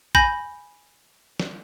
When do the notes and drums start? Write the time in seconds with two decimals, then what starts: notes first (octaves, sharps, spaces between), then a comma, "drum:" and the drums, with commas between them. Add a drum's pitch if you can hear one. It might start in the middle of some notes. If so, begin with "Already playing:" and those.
0.15 G#5 B5 G6 A#6, drum: kick A1
1.40 drum: snare